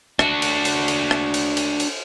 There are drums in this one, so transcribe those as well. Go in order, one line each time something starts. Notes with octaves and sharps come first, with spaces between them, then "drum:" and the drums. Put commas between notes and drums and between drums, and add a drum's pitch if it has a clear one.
D4 F#4, drum: rim click
drum: cymbal
drum: cymbal
drum: cymbal
drum: rim click
drum: cymbal
drum: cymbal
drum: cymbal